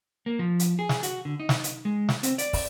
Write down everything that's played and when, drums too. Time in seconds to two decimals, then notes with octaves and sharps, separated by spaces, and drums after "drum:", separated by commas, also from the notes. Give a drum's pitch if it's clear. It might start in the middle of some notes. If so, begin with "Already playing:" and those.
0.26 A#3
0.39 F3
0.59 drum: hi-hat
0.79 G#4
0.89 drum: snare
1.03 F#4, drum: hi-hat
1.25 D3
1.40 D#4
1.49 drum: snare
1.64 drum: hi-hat
1.85 G#3
2.09 drum: snare
2.23 C4, drum: hi-hat
2.38 D5, drum: hi-hat
2.53 drum: kick, open hi-hat